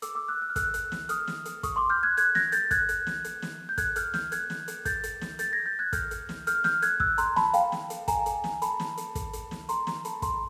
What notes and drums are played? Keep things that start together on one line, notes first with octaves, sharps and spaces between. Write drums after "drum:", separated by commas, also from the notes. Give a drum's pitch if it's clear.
D6 E6, drum: hi-hat
D6 E6
E6 F#6
E6 F#6
F6
E6 F#6, drum: kick, hi-hat
drum: hi-hat
drum: snare
D#6 F6, drum: hi-hat
drum: snare
drum: hi-hat
C#6 D#6, drum: kick, hi-hat
C6 D6
F6 G6
F#6 G#6
F#6 G#6, drum: hi-hat
G#6 A#6, drum: snare
G6 A6, drum: hi-hat
F#6 G#6, drum: kick, hi-hat
drum: hi-hat
drum: snare
drum: hi-hat
drum: snare
G6
F#6 G#6, drum: kick, hi-hat
F6 G6, drum: hi-hat
F6 G6, drum: snare
F#6 G#6, drum: hi-hat
drum: snare
drum: hi-hat
G6 A6, drum: kick, hi-hat
drum: hi-hat
drum: snare
G6 A6, drum: hi-hat
G#6 A#6
G6 A6
F#6 G#6
F6 G6, drum: kick, hi-hat
drum: hi-hat
drum: snare
F6 G6, drum: hi-hat
F6 G6, drum: snare
F#6 G#6, drum: hi-hat
E6 F#6, drum: kick
A#5 C6, drum: hi-hat
A5 B5, drum: snare
F5 G5, drum: hi-hat
drum: snare
drum: hi-hat
G#5 A#5, drum: kick, hi-hat
drum: hi-hat
drum: snare
A5 B5, drum: hi-hat
drum: snare
drum: hi-hat
drum: kick, hi-hat
drum: hi-hat
drum: snare
A#5 C6, drum: hi-hat
A#5 C6, drum: snare
A5 B5, drum: hi-hat
A#5 C6, drum: kick, hi-hat